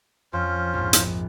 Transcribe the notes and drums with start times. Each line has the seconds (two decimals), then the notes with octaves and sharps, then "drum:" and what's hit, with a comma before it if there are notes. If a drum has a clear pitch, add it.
0.33 F2 C#4 F4 C5
0.74 A#1 G#2
0.93 drum: hi-hat